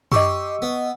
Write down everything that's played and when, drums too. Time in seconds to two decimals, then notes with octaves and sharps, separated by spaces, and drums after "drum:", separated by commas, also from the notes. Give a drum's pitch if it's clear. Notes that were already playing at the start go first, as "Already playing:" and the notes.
0.12 G4 D#5 C6 C#6 E6, drum: tom F#2
0.62 B3